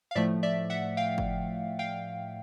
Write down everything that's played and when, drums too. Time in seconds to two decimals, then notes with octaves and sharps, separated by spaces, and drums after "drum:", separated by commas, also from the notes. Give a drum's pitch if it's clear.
0.11 F5
0.15 A2 F3 A3 D5 E5
0.43 D5 E5
0.70 E5 F#5
0.97 F5 G5
1.18 drum: kick G1
1.79 F5 G5